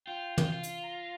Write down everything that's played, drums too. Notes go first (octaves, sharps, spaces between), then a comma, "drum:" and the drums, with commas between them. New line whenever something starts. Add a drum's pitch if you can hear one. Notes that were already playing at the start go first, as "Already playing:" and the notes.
F4 G5
F4, drum: tom
F4
drum: hi-hat
A#5